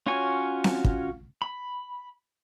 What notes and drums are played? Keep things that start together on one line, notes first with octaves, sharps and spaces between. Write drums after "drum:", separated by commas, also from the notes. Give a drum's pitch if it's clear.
C#4 F4 F#4 C#5 G#5
drum: snare C4
drum: kick
B5